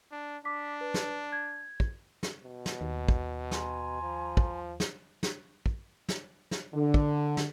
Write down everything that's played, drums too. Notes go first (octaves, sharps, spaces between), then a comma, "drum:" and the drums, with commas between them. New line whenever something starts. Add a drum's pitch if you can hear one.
D4
D4 D6 B6
B4
drum: snare
G#6
drum: kick
drum: snare
B2
drum: snare
D#2
drum: kick
G#5 A#5 C6, drum: snare
F3
drum: kick
drum: snare
drum: snare
drum: kick
drum: snare
drum: snare
D3
drum: kick
drum: snare